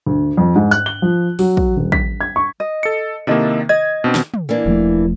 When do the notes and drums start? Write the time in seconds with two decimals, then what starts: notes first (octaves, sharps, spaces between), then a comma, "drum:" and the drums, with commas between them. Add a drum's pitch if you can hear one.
0.06 D2
0.37 F2
0.56 G#2
0.71 F#6, drum: tambourine
0.86 G7
1.02 F3
1.39 F#3, drum: open hi-hat
1.57 drum: kick
1.77 D#1
1.92 B6, drum: kick
2.21 G#6
2.36 C#6
2.60 D#5
2.83 A4 C#7
3.27 C3 D#3 A#3 E4 A4 D#5
3.69 D#5 G#6
4.04 B2 C4 D4
4.15 drum: snare
4.34 drum: tom
4.49 E3 A#3 D4
4.66 E1 F3 A3